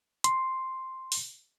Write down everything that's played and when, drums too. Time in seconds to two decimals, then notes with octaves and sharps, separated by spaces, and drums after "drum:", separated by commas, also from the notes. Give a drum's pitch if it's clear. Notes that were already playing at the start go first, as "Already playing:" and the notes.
0.24 C6, drum: hi-hat
1.12 drum: open hi-hat